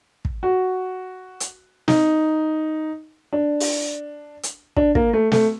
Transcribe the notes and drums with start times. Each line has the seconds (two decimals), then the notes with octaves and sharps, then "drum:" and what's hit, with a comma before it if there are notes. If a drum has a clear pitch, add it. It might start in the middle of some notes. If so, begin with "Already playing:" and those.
0.25 drum: kick
0.43 F#4
1.40 drum: hi-hat
1.88 D#4, drum: snare
3.33 D4
3.60 drum: open hi-hat
4.43 drum: hi-hat
4.77 D4, drum: kick
4.95 A#3, drum: kick
5.13 A3
5.32 A3, drum: snare